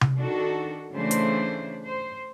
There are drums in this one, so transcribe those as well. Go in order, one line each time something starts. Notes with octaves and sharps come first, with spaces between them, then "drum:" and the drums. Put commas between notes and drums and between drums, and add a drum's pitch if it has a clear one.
drum: tom C3
D#3 D4 F#4 A4
C#3 E3 A3 D4 C5
drum: hi-hat
C5